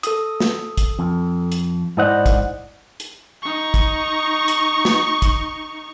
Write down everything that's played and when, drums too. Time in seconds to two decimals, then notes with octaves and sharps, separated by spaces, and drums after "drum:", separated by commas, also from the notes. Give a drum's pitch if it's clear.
0.03 A4 D#6, drum: hi-hat
0.40 drum: snare
0.78 drum: kick, hi-hat
0.99 F2
1.52 drum: hi-hat
1.97 G#2 E4 C5 D5 D#5 F#5
2.26 drum: kick, hi-hat
3.00 drum: hi-hat
3.43 D#4 C#6
3.74 drum: kick, hi-hat
4.48 drum: hi-hat
4.85 drum: snare
5.22 drum: kick, hi-hat